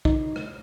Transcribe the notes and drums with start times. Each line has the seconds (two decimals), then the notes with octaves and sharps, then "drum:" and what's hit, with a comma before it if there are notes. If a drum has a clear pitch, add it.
0.05 D#4, drum: kick
0.36 drum: rim click